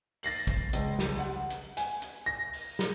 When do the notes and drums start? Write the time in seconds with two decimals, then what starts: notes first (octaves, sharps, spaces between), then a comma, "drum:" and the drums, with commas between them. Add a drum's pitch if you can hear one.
0.23 A6 A#6 C7 F#7, drum: open hi-hat
0.47 drum: kick, hi-hat
0.73 C#2, drum: hi-hat
0.99 drum: snare
1.19 F#5
1.50 drum: hi-hat
1.77 G#5, drum: hi-hat
2.02 drum: hi-hat
2.26 A#6
2.53 drum: open hi-hat
2.79 drum: snare